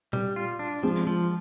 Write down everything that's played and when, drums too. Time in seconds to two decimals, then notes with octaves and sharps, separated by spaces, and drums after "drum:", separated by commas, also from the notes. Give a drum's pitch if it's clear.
0.13 G3, drum: tom A#2
0.36 F4
0.59 D4
0.83 F3 G#3 C4
1.07 F3